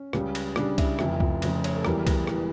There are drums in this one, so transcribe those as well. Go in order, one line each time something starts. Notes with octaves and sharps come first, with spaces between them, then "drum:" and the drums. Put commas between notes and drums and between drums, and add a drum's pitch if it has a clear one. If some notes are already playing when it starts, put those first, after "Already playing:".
Already playing: C#4
C#2 C#3 G3, drum: rim click
drum: cymbal
C#2 C#3 G3 D4, drum: rim click
E4, drum: kick C2, cymbal
F1 F2 C#3 F3 E4, drum: rim click
F4, drum: kick C2
F1 F2 C#3 F3, drum: cymbal
C#5, drum: cymbal
A4
E1 E2 E3 G3 A#4, drum: rim click
drum: kick C2, cymbal
E3 G3, drum: rim click